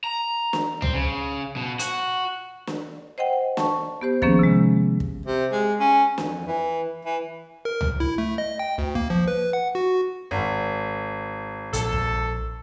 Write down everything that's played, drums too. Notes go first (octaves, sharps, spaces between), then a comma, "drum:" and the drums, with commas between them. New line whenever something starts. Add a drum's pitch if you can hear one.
A#5
drum: snare
C4, drum: tom C#2
C#3
B2
F#4, drum: hi-hat
drum: snare
C5 D#5 F#5 G5
A5 C#6, drum: snare
B3 G4 C5
D#3 F3 A#3 B3 C#4 G#4, drum: kick
C3 G#3
drum: kick
C3
G#3
C#4
F2, drum: snare
E3
E3
A#4
drum: tom C#2
E4
A3
D#5
G5
D2
A#3, drum: kick
F3
B4
F#5
F#4
G#1
A#1 A4, drum: hi-hat
drum: kick